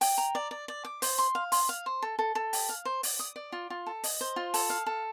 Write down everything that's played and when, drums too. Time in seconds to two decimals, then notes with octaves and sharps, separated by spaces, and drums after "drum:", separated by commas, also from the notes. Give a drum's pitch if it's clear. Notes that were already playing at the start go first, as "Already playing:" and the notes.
0.01 G5, drum: open hi-hat
0.18 A#5
0.35 D5
0.51 D5
0.68 D5
0.85 D6
1.02 C5, drum: open hi-hat
1.18 C6
1.35 F5
1.52 C6, drum: open hi-hat
1.69 F5
1.86 C5
2.02 A4
2.19 A4
2.35 A4
2.53 G4, drum: open hi-hat
2.69 F5
2.85 C5
3.03 D5, drum: open hi-hat
3.19 D#6
3.36 D5
3.52 F4
3.70 F4
3.86 A4
4.04 D#5, drum: open hi-hat
4.21 C5
4.36 F4
4.54 A4, drum: open hi-hat
4.70 F5
4.86 A4